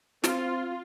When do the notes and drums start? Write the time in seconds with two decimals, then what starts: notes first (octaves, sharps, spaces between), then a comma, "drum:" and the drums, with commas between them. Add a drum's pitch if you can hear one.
0.24 C4 F4, drum: snare